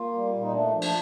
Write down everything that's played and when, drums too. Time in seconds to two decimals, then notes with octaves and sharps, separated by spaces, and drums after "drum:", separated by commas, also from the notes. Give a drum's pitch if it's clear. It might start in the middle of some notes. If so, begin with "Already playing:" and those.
Already playing: A#3 F4
0.13 G3
0.33 A#2
0.41 D#4
0.52 A3 D4
0.72 F3
0.82 D4, drum: cymbal